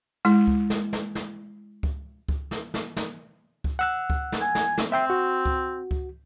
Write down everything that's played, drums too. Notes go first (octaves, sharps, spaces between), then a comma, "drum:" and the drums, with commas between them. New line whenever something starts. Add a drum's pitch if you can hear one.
G#3 E4
drum: kick C#2
drum: snare
drum: snare
drum: snare
drum: kick C#2
drum: kick C#2
drum: snare
drum: snare
drum: snare
drum: kick C#2
F#5 E6 F#6
drum: kick C#2
drum: snare
G#5
drum: snare
drum: snare
C4 E5 G5 C6
F#4
drum: kick C#2
drum: kick C#2